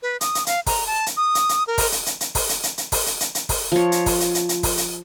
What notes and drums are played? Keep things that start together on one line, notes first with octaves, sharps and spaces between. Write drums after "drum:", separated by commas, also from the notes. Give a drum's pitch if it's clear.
B4
D#6, drum: hi-hat
drum: hi-hat
F5, drum: hi-hat
A#5, drum: kick, open hi-hat
A5
drum: hi-hat
D#6
drum: hi-hat
drum: hi-hat
A#4
drum: kick, open hi-hat
drum: hi-hat
drum: hi-hat
drum: hi-hat
drum: kick, open hi-hat
drum: hi-hat
drum: hi-hat
drum: hi-hat
drum: kick, open hi-hat
drum: hi-hat
drum: hi-hat
drum: hi-hat
drum: kick, open hi-hat
F3 C#5
drum: hi-hat
drum: kick, open hi-hat
drum: hi-hat
drum: hi-hat
drum: hi-hat
drum: kick, open hi-hat
drum: hi-hat